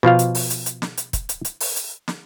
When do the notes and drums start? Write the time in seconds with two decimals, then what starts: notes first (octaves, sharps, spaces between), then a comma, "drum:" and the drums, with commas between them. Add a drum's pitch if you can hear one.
0.03 B2 F3 F4 F5
0.19 drum: hi-hat
0.35 drum: open hi-hat
0.50 drum: hi-hat
0.66 drum: hi-hat
0.82 drum: snare
0.98 drum: hi-hat
1.13 drum: kick, hi-hat
1.29 drum: hi-hat
1.45 drum: hi-hat
1.60 drum: open hi-hat
1.76 drum: hi-hat
2.08 drum: snare